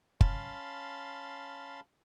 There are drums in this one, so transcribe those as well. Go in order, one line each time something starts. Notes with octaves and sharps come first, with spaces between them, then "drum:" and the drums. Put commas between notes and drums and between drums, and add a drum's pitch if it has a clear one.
C#4 F5 A5 B5 C6, drum: kick